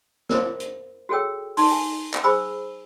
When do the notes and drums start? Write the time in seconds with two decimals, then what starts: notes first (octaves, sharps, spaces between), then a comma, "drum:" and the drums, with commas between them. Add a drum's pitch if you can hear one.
0.29 A#4 C5, drum: snare
0.60 drum: hi-hat
1.09 F#4 G#4 A4 C#5 G5 E6
1.57 D#4 A5 C6, drum: open hi-hat
1.71 G#5
2.14 drum: clap
2.24 G#4 C5 G#5 B5 D6 E6